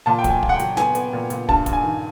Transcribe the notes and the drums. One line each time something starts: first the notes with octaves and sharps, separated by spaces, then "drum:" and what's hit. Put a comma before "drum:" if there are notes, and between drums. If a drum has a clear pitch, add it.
A#2 A5
G5
F#3, drum: kick, hi-hat
G#5
A#2, drum: kick
F#5
G5
F#3, drum: hi-hat
B3 G#5, drum: snare
B3, drum: hi-hat
A#2
A#2, drum: hi-hat
G2 A5, drum: kick
G2, drum: kick, hi-hat
G#5
D#3